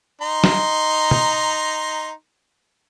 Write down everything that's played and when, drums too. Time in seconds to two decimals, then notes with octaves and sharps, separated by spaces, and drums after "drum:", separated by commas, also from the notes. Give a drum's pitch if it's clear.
0.21 D#4 A#5 C6
0.44 drum: snare
1.11 drum: tom